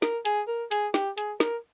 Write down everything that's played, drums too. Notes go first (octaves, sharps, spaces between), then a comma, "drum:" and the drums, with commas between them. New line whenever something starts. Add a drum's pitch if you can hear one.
A#4, drum: snare
G#4, drum: hi-hat
A#4
G#4, drum: hi-hat
G4, drum: snare
G#4, drum: hi-hat
A#4, drum: snare